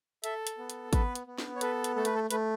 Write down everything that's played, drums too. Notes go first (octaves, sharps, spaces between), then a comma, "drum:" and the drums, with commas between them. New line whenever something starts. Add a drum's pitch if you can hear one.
A4 E5, drum: hi-hat
drum: hi-hat
B3
drum: hi-hat
B3 B4, drum: kick G#1, hi-hat
drum: hi-hat
B3
drum: snare
C#5
A4 B4, drum: hi-hat
drum: hi-hat
A3 A4
B4, drum: hi-hat
A4
A3 B4, drum: hi-hat